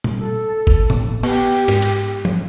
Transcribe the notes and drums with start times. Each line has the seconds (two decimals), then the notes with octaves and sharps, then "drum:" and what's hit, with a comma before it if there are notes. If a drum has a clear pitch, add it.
0.04 drum: tom
0.16 A4
0.67 drum: kick F#1
0.90 drum: tom A2
1.23 B3 G4, drum: cymbal
1.68 G#2, drum: cymbal
1.82 drum: cymbal
2.25 drum: tom F3